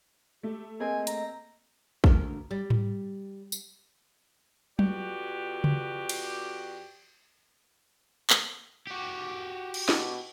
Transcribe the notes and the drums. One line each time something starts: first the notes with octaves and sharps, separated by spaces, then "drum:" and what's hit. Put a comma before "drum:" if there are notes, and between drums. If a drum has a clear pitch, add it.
A3 G4
A#3 C4 G#4 D#5 G#5
A#5, drum: hi-hat
D2 A#4, drum: kick
G3
drum: tom G#2
drum: tambourine
F2 F#4 G4 B4 D5, drum: tom F#3
drum: tom C#3
drum: cymbal
drum: clap
F#4 G4
drum: cymbal
B2, drum: snare